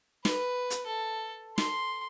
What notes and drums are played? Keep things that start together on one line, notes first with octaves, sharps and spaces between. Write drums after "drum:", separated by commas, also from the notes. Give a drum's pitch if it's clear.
B4, drum: snare
drum: hi-hat
A4
C6, drum: snare